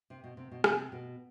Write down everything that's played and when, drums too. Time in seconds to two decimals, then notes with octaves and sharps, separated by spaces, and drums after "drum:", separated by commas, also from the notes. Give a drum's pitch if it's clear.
0.10 C3
0.24 B2
0.37 C3
0.51 B2
0.64 C3, drum: rim click
0.92 B2